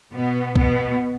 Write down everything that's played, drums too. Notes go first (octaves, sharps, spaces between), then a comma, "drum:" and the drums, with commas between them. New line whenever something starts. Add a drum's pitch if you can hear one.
B2 B3
B2 B3, drum: kick C2